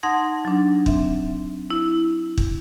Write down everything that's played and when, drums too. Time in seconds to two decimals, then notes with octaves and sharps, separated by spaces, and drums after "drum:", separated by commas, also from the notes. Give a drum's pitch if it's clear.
0.03 D#4 F#5 A5 C6 G#6 A#6
0.45 F#3 D4
0.86 C4 E5, drum: kick
1.70 E4
2.38 drum: kick